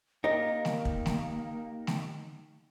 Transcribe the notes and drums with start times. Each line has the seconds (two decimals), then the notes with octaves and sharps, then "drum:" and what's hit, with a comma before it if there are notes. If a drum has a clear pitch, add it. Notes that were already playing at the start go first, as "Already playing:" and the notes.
0.24 A#3 D#4 G4 A#4 D#5
0.65 drum: snare A3
0.85 drum: kick
1.06 drum: snare A3
1.87 drum: snare A3